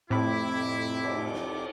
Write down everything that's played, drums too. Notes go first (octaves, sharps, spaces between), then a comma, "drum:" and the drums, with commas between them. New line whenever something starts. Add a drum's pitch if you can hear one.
F2 A2 C3 C4 E4 B5 D6
drum: cymbal
drum: snare